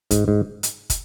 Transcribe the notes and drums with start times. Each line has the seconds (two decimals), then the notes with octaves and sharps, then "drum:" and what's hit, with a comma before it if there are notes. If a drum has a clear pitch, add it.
0.11 G#2, drum: kick, hi-hat
0.28 G#2
0.63 drum: hi-hat
0.90 drum: kick, hi-hat